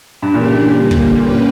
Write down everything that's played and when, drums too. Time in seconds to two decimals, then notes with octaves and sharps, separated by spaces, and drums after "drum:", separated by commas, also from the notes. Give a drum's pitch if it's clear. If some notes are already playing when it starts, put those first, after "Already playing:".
0.22 G2
0.34 A#2 C#3 E3 A#3 D4 G4
0.76 D3 G3 A#3
0.91 drum: kick
1.19 A#2 A#3 C#4 G4 B4
1.31 A#2